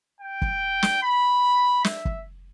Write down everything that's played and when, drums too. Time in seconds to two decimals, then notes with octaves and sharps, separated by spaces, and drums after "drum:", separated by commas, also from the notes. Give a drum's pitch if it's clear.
0.21 G5
0.42 drum: kick
0.83 drum: snare
1.03 B5
1.84 E5, drum: snare
2.05 drum: kick